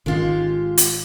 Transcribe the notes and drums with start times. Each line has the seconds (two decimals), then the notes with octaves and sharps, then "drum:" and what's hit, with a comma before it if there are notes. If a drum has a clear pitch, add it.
0.06 G#1 D#3 G#3 C#4 F4 G4
0.78 drum: hi-hat